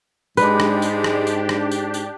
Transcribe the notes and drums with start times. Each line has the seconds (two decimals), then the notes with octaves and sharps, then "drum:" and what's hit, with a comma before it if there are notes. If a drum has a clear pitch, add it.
0.37 G#2 G#3 D4 G4 B4, drum: tambourine
0.60 drum: rim click
0.82 drum: tambourine
1.04 drum: rim click
1.27 drum: tambourine
1.49 drum: rim click
1.71 drum: tambourine
1.94 drum: tambourine